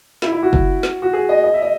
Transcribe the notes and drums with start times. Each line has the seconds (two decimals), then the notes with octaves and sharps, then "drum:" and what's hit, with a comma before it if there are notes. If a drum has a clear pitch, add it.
0.22 E4, drum: snare
0.32 E4
0.43 F#4
0.53 drum: kick F#1
0.83 drum: snare
1.02 F#4
1.13 G#4
1.29 D#5
1.44 D#5
1.54 E5
1.62 D#5